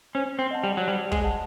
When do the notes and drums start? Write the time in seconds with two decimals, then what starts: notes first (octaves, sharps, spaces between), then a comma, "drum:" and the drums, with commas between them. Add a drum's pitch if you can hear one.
0.15 C#4 C5
0.39 C4
0.51 D#5 F#5 A5
0.64 G3
0.77 F#3
0.87 G3 C5
1.12 G#3, drum: kick
1.23 D#5 F#5 A5